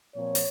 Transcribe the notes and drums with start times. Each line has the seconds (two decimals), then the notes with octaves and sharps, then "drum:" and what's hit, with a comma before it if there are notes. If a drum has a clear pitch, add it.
0.16 A#2 F3 C4 C#5
0.35 drum: open hi-hat